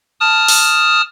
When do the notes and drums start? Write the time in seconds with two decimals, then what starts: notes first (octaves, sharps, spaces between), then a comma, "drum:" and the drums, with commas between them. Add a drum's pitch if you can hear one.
0.20 A5 D#6 F6
0.48 drum: open hi-hat